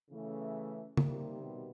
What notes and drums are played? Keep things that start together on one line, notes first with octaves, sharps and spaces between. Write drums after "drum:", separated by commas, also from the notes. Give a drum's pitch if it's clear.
C#3 E3 A3
C3 D#3 G3 A#3, drum: tom C#3
B2 B3